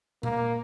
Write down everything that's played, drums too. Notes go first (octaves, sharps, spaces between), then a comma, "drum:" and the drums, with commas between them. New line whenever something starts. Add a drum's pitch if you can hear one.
A#3, drum: tom A#2